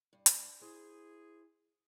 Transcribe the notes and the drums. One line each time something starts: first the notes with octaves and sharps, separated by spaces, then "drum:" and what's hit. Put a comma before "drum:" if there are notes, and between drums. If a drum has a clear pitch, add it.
G2
drum: hi-hat
E4 G#4 C5